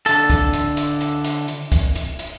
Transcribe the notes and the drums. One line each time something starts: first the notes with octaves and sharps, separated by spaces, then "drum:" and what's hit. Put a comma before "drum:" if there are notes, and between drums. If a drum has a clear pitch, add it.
D3 A4, drum: hi-hat
drum: kick, hi-hat
drum: hi-hat
drum: hi-hat
drum: hi-hat
drum: hi-hat
drum: hi-hat
drum: kick, hi-hat
drum: hi-hat
drum: hi-hat